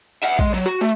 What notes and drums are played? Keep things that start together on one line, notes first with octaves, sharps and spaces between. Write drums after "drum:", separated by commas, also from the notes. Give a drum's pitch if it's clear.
E5 F#5, drum: hi-hat
G#3, drum: kick A#1
F#3
F#4
A3